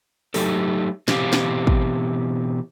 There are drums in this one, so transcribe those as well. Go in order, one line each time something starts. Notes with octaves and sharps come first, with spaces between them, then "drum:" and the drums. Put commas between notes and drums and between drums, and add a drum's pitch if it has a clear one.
F#3 A3 D#4 G4 A4, drum: open hi-hat
B2 E3 F#3 C4 G4 F5, drum: snare
drum: snare
drum: kick